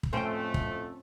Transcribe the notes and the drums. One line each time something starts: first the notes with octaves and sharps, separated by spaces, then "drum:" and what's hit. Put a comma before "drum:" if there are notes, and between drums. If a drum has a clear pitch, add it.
drum: kick
F2 A2 A3 C4 C#4 C5 G5
drum: kick